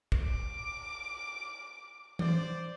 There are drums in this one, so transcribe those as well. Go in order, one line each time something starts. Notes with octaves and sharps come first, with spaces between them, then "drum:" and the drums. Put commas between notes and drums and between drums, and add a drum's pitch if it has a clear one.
drum: kick
D6
C5 D5, drum: tom E3